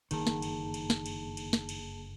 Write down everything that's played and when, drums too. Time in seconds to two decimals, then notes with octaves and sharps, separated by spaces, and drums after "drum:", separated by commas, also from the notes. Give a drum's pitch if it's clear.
0.11 F#1 G2 D3 D#3 A#3 G#4 A5, drum: cymbal
0.27 drum: snare
0.42 drum: cymbal
0.74 drum: cymbal
0.90 drum: snare
1.06 drum: cymbal
1.37 drum: cymbal
1.53 drum: snare
1.69 drum: cymbal